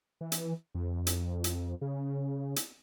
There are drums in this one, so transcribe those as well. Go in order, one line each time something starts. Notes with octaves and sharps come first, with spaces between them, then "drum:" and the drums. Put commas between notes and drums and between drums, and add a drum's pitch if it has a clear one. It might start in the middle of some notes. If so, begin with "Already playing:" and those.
E3
drum: hi-hat
F2
drum: hi-hat
drum: hi-hat
C#3
drum: hi-hat